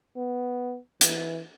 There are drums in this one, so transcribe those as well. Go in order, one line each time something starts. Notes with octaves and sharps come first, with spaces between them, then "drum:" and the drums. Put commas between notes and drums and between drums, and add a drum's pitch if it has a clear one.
B3
E3, drum: hi-hat